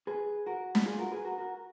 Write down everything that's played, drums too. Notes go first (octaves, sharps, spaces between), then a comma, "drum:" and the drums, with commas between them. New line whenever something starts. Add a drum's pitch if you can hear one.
G#4 B4
F#4 A#4
drum: snare
F4 G#4
F#4 A#4
G#4 B4
F#4 A#4
F#4 A#4